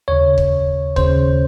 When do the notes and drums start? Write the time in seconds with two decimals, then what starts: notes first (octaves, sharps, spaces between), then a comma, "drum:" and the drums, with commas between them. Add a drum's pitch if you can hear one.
0.08 D#2 C#3 C#5
0.38 drum: kick
0.96 D#2 C#3 C5, drum: kick